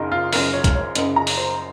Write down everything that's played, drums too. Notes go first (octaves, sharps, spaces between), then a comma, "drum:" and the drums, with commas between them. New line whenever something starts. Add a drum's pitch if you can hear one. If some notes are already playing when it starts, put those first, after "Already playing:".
Already playing: F#1 F#2 C#3 D#4 A#4
F4
F#1 F#2 C#3 A#4, drum: open hi-hat
C#5
drum: kick, hi-hat
C#5
F#1 F#2 C#3 D#5, drum: hi-hat
A#5
drum: open hi-hat
C5